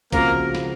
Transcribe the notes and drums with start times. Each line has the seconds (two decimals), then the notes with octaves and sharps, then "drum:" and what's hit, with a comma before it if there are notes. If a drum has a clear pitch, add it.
0.12 C#3 F3 G#3 A#3 C4 F#4 A#4, drum: kick, hi-hat
0.55 drum: snare